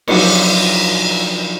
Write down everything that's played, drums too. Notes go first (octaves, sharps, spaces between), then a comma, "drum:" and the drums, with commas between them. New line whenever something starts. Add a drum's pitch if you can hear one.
F3 F#3 C4 D4 D#4 C#5, drum: cymbal